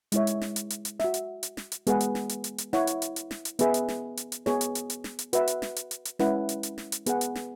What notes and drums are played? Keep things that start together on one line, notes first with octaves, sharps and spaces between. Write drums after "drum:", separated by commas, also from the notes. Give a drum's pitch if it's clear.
G#3 E4 C#5 E5, drum: hi-hat
drum: hi-hat
drum: snare
drum: hi-hat
drum: hi-hat
drum: hi-hat
F#4 E5, drum: snare
drum: hi-hat
drum: hi-hat
drum: snare
drum: hi-hat
G#3 B3 G#4 B4 F#5, drum: hi-hat
drum: hi-hat
drum: snare
drum: hi-hat
drum: hi-hat
drum: hi-hat
E4 C#5 F#5, drum: snare
drum: hi-hat
drum: hi-hat
drum: hi-hat
drum: snare
drum: hi-hat
B3 G#4 B4 E5, drum: hi-hat
drum: hi-hat
drum: snare
drum: hi-hat
drum: hi-hat
B3 G#4 C#5, drum: snare
drum: hi-hat
drum: hi-hat
drum: hi-hat
drum: snare
drum: hi-hat
F#4 B4 E5, drum: hi-hat
drum: hi-hat
drum: snare
drum: hi-hat
drum: hi-hat
drum: hi-hat
G#3 C#4 E4 B4 F#5, drum: snare
drum: hi-hat
drum: hi-hat
drum: snare
drum: hi-hat
B3 G#4 B4 F#5, drum: hi-hat
drum: hi-hat
drum: snare